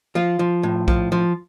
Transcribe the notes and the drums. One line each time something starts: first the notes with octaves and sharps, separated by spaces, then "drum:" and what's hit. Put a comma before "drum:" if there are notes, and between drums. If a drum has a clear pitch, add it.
F3 F4
F3
A2
F3, drum: kick B1
F3